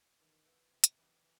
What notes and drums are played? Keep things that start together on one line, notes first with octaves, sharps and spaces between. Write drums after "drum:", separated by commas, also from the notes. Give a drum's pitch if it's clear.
D#3 E3
B3 E4
C3
drum: hi-hat
E3 G3 B3 D#4
E3